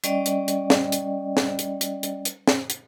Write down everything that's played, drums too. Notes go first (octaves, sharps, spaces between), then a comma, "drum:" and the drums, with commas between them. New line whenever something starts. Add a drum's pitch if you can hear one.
G3 C#4 D5 D#5 G5, drum: hi-hat
drum: hi-hat
drum: hi-hat
drum: snare
drum: hi-hat
drum: snare
drum: hi-hat
drum: hi-hat
drum: hi-hat
drum: hi-hat
drum: snare
drum: hi-hat